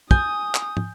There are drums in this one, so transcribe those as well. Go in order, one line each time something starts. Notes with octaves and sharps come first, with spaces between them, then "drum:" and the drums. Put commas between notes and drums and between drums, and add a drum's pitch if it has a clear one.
G#5 D#6 G6, drum: kick
drum: clap
drum: tom